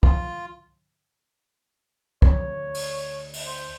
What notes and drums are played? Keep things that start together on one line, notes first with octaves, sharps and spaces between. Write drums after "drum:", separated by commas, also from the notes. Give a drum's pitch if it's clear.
F4, drum: kick
D2 C#5, drum: kick
drum: open hi-hat
drum: open hi-hat
C5